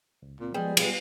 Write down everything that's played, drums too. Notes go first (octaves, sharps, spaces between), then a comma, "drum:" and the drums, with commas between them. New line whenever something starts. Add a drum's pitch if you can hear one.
C#2
A#2 C4
F3 G3 G#3 B3 G#4
E3 G3 G#3 B3 F4, drum: cymbal